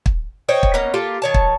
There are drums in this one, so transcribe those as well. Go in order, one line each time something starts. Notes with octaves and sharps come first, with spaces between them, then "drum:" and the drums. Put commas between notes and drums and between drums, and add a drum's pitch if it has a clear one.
drum: kick
C5 C#5 D#5 G5
drum: kick
A#3 B3 C#4 D#5
A#3 F4 G4 A4
D#3 C#5 A5
drum: kick